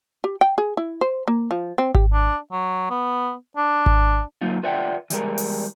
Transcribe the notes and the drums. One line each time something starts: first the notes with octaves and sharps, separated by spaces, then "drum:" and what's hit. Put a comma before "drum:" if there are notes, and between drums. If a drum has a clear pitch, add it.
G4
G5
G#4
E4
C5
A#3
F3
C4
G4, drum: kick G#1
D4
F#3
B3
D4
drum: kick G#1
F#3 A#3 D#4 F4
F4 B4 D5 E5 F#5 G5
E3 G3 G#3 A#4, drum: hi-hat
drum: open hi-hat